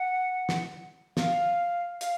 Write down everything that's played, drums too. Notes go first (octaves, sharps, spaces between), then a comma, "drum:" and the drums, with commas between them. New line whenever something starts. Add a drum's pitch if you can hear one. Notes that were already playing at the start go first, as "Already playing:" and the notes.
Already playing: F#5
drum: snare
F5, drum: snare
F5, drum: hi-hat